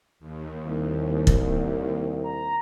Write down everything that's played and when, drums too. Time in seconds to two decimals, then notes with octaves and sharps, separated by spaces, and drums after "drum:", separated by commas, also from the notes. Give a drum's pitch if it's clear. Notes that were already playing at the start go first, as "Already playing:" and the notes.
0.20 D#2
0.66 C2
1.27 drum: kick
2.24 A#5